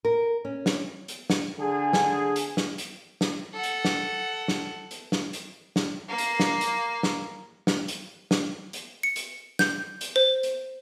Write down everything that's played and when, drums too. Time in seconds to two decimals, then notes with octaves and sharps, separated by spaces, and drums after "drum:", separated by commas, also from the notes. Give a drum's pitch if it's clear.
0.05 A#4
0.45 C#4
0.66 drum: snare
1.08 drum: hi-hat
1.30 drum: snare
1.58 D3 G#4
1.93 drum: snare
2.36 drum: hi-hat
2.57 drum: snare
2.78 drum: hi-hat
3.21 drum: snare
3.53 A4 F#5
3.63 drum: hi-hat
3.85 drum: snare
4.48 drum: snare
4.91 drum: hi-hat
5.12 drum: snare
5.33 drum: hi-hat
5.76 drum: snare
6.09 A#3 F5
6.18 drum: hi-hat
6.40 drum: snare
6.61 drum: hi-hat
7.03 drum: snare
7.67 drum: snare
7.88 drum: hi-hat
8.31 drum: snare
8.73 drum: hi-hat
9.03 C#7
9.16 drum: hi-hat
9.59 G6, drum: snare
10.01 drum: hi-hat
10.16 C5
10.43 drum: hi-hat